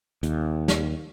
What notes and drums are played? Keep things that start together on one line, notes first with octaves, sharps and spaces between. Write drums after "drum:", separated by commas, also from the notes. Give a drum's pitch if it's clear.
D#2, drum: hi-hat
drum: snare